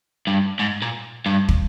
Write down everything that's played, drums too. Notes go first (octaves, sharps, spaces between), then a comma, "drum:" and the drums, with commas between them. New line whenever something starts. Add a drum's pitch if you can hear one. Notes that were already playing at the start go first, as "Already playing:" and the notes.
G2
G#2
A#2
G2
drum: kick